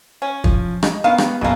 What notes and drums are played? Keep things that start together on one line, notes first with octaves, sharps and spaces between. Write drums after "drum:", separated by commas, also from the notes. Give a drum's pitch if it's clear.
C#4
F3, drum: kick
D#5, drum: rim click
D#3 B3 F5
drum: rim click
F#1 B2 E3 A#3